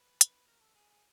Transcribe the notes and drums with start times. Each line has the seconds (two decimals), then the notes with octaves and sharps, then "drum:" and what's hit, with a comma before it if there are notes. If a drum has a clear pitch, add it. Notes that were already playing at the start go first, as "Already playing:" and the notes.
Already playing: B4
0.21 drum: hi-hat
0.47 A#4
0.61 A4
0.75 G#4
0.89 G#4